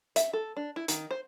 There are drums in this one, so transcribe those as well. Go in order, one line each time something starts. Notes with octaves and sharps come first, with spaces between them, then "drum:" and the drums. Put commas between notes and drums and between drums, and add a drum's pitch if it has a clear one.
E5, drum: hi-hat
A4
D4
E4
D#3, drum: hi-hat
C5